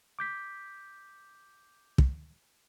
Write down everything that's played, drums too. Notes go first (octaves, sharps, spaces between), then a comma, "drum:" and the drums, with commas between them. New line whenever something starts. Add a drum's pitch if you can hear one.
D6 G6 B6
drum: kick